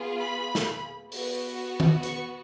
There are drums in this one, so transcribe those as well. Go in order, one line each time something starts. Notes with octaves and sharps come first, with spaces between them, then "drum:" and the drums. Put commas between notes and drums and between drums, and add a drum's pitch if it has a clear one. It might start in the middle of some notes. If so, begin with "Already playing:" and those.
Already playing: B3 F4 G#4
B5
drum: snare
B3 F#4, drum: open hi-hat
drum: tom D#3
C#6, drum: hi-hat